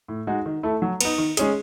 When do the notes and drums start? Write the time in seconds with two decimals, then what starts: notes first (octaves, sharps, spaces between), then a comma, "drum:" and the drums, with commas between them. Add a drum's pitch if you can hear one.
0.08 A2
0.27 G#3 D#4 F#4
0.46 D#3
0.63 A3 E4 A4
0.82 F#3
1.01 B3 D#4, drum: cymbal
1.18 D#3
1.37 G#3 C#4 G#4, drum: hi-hat